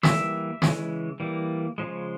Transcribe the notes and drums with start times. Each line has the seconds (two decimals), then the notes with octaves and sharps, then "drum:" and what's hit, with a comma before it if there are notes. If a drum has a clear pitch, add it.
0.03 E3 G3 A#3 E5 E6, drum: snare
0.62 C#3 E3 G#3, drum: snare
1.20 E3 G3 A#3
1.78 C#3 F3 G#3